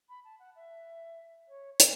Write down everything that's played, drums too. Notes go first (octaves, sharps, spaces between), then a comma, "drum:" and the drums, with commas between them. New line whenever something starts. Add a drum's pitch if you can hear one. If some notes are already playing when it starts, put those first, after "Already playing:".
B5
A5
F#5
E5
C#5
C#5, drum: hi-hat